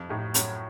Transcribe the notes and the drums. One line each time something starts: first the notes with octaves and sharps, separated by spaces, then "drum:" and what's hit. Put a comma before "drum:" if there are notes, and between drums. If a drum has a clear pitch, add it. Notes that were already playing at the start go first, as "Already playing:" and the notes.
Already playing: F2
A2 D#4
F#2, drum: hi-hat